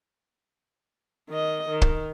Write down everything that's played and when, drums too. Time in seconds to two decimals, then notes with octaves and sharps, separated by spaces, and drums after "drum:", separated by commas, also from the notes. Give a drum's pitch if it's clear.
1.29 D#3 D#5
1.69 D#3
1.82 drum: kick